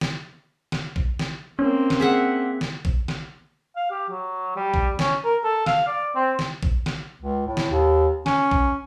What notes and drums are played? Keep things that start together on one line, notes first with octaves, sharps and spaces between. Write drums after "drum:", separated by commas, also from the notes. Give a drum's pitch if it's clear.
drum: snare
drum: snare
drum: kick A#1
drum: snare
A#3 C4 C#4
drum: snare
G#4 E5 F#5
drum: snare
drum: kick A#1
drum: snare
F5
G4
F#3
G3
drum: kick A#1
C#4, drum: snare
A#4
A4
F5, drum: snare
D5
C4
drum: snare
drum: kick A#1
drum: snare
C#2
A2
drum: snare
D#2
C#4, drum: snare
drum: kick A#1